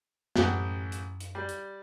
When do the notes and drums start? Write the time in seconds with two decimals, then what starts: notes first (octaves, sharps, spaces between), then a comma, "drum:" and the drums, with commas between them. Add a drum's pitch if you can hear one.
0.36 A1 F#2 G4 F#5, drum: snare
0.92 drum: hi-hat
1.20 drum: hi-hat
1.35 G3
1.49 drum: hi-hat